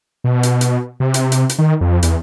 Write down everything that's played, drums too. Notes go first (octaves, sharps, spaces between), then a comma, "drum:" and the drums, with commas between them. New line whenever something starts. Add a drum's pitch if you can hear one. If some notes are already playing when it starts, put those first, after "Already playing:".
B2
drum: hi-hat
drum: hi-hat
C3
drum: hi-hat
drum: hi-hat
drum: hi-hat
D#3
F2
E2, drum: hi-hat